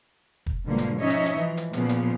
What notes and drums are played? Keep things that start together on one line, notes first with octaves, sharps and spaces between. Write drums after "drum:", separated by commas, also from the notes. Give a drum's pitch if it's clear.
drum: kick
G#2 B2 D3 F3 G3 A#3
drum: hi-hat
F3 C#4 D#4 C#5 D#5 E5
drum: hi-hat
drum: hi-hat
E3 F3
drum: hi-hat
A#2 C#3 F3 A#3 B3, drum: hi-hat
drum: hi-hat